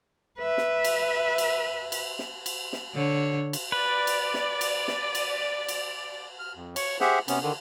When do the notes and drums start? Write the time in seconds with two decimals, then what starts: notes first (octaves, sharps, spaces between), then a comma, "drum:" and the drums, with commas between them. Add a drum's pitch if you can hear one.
0.39 B4 E5
0.58 drum: snare
0.84 drum: cymbal
1.38 drum: cymbal
1.92 drum: cymbal
2.19 drum: snare
2.46 drum: cymbal
2.73 drum: snare
2.94 D3 C#5
3.53 drum: cymbal
3.72 B4 D5
4.07 drum: cymbal
4.34 drum: snare
4.61 drum: cymbal
4.88 drum: snare
5.15 drum: cymbal
5.68 drum: cymbal
6.39 F6
6.55 F2
6.76 C#5 C#6, drum: cymbal
7.00 G4 G#4 C5 E5 F#5, drum: snare
7.28 C3 B3 C#4, drum: cymbal
7.42 D3 D#3